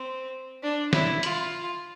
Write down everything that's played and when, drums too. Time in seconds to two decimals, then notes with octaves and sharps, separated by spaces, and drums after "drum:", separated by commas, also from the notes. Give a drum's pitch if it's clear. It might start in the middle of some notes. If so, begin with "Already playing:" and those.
Already playing: C4
0.63 D4
0.93 E4, drum: snare
1.23 F4, drum: hi-hat